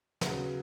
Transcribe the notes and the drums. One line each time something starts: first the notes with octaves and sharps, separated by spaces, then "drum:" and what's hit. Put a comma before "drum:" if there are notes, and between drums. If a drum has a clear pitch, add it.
C#3 F#3 B3 F#4, drum: snare